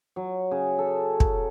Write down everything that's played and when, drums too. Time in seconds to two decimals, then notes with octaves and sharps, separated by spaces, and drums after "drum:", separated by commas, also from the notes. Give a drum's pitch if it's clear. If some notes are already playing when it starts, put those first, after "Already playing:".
0.16 F#3
0.51 C#3
0.79 A4
1.20 drum: kick